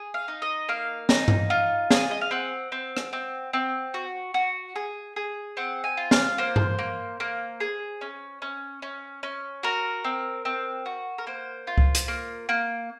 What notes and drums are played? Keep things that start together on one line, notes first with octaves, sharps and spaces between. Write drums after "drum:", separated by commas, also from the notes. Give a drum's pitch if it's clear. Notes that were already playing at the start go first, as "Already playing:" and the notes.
Already playing: G#4
F5
D#4
D#5
A#3 F5
D#4, drum: snare
drum: tom G2
F4
G#4, drum: snare
D#5
F5
C4 F#5
C4
drum: rim click
C4
C4
F#4
F#4
G#4
G#4
C4 F#5
G#5
F4
F5, drum: snare
A#3 C5
drum: tom G2
A#3
A#3
G#4
C#4
C#4
C#4
C#4
F#4 A#4
C4
C4
F#4
A#4
A#3 C5
F4
drum: kick C#2
drum: hi-hat
A#3
A#3